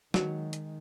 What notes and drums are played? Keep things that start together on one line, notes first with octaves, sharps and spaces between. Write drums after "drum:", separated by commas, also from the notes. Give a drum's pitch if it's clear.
D#3 F#3 G#3, drum: snare
drum: hi-hat